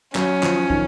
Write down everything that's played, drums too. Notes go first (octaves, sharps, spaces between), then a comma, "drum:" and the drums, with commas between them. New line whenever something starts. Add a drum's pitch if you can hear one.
F#3 C#4, drum: clap
F3, drum: clap
D#3, drum: kick